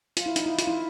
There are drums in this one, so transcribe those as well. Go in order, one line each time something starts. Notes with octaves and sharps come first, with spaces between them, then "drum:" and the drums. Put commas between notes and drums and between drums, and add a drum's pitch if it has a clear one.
F4, drum: hi-hat
E4
D#4, drum: hi-hat
E4
F4, drum: hi-hat
E4